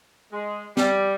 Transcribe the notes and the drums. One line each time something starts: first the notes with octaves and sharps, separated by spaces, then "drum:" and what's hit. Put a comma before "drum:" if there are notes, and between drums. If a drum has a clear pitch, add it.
G#3
G3, drum: snare